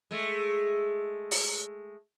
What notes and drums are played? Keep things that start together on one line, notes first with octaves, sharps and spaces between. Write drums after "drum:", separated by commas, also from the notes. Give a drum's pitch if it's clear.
G#3 A3
drum: open hi-hat